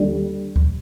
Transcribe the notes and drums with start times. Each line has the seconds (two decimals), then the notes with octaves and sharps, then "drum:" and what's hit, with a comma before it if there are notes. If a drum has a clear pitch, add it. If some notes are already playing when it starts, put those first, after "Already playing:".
Already playing: D#2 D3 G3
0.56 drum: kick